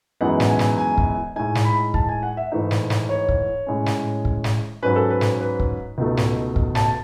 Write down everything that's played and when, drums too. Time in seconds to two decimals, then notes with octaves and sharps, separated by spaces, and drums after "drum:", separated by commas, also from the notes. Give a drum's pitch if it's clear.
0.21 F#2 E3 G#3 B3 D#4 F#5
0.40 drum: snare
0.50 G#5
0.59 drum: snare
0.78 G#5
0.98 drum: kick
1.36 A2 G#3 D#4 G#5
1.55 drum: snare
1.65 B5
1.94 A5, drum: kick
2.09 G#5
2.23 F#5
2.37 E5
2.52 G#2 E3 A3 D#4
2.71 drum: snare
2.90 drum: snare
3.09 C#5
3.29 drum: kick
3.67 A2 G#3 C#4
3.86 drum: snare
4.25 drum: kick
4.44 drum: snare
4.82 G#2 F#3 C#4 B4
4.96 A4
5.10 B4
5.21 drum: snare
5.41 B4
5.60 drum: kick
5.98 C#2 B2 A3 D#4
6.17 drum: snare
6.56 drum: kick
6.75 A5, drum: snare